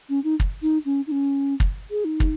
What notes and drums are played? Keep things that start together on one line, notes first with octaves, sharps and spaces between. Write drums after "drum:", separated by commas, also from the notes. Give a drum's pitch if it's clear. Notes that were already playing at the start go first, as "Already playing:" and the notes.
C#4
D#4
drum: kick
D#4
C#4
D#4
C#4
drum: kick
G#4
D#4
drum: kick